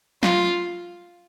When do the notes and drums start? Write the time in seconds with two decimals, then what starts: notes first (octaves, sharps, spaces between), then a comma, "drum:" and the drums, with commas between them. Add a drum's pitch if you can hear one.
0.23 F4, drum: snare